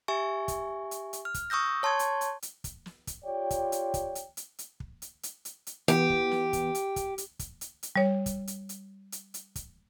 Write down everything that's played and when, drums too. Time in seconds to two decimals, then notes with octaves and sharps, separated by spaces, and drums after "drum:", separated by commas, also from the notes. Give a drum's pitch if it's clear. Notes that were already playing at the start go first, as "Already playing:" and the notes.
0.08 G4 E5 G#5 C#6
0.48 drum: kick, hi-hat
0.91 drum: hi-hat
1.13 drum: hi-hat
1.25 F6
1.34 drum: kick, hi-hat
1.50 C#6 D#6 E6 G6 A#6
1.83 C#5 A5 C6 C#6 G#6
1.99 drum: hi-hat
2.21 drum: hi-hat
2.42 drum: hi-hat
2.64 drum: kick, hi-hat
2.86 drum: snare
3.07 drum: kick, hi-hat
3.25 F4 G4 C#5 D5 G5
3.50 drum: kick, hi-hat
3.72 drum: hi-hat
3.94 drum: kick, hi-hat
4.15 drum: hi-hat
4.37 drum: hi-hat
4.59 drum: hi-hat
4.80 drum: kick
5.02 drum: hi-hat
5.23 drum: hi-hat
5.45 drum: hi-hat
5.67 drum: hi-hat
5.88 E3 B3 G4, drum: hi-hat
6.10 drum: kick
6.31 drum: snare
6.53 drum: kick, hi-hat
6.75 drum: hi-hat
6.96 drum: kick, hi-hat
7.18 drum: hi-hat
7.39 drum: kick, hi-hat
7.61 drum: hi-hat
7.83 drum: hi-hat
7.96 G3 C#5
8.26 drum: kick, hi-hat
8.47 drum: hi-hat
8.69 drum: hi-hat
9.12 drum: hi-hat
9.34 drum: hi-hat
9.56 drum: kick, hi-hat